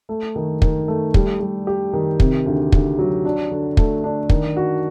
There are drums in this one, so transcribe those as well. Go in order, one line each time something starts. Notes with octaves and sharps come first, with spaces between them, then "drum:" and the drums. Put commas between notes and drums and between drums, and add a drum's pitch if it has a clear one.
A3
D#3
D#3, drum: kick
A3
G3, drum: kick
G3
G4
D#3
C3, drum: kick
D2
D2, drum: kick
F#3
D4
D3
A3, drum: kick
D4
D#3, drum: kick
F#4